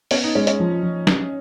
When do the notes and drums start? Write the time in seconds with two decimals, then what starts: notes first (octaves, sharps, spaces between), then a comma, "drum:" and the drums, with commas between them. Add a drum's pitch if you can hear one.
0.11 B3 C#4, drum: open hi-hat
0.24 D#4
0.35 G#3 C#4
0.47 C#4, drum: hi-hat
0.60 F3
0.83 F3
1.07 C#4, drum: snare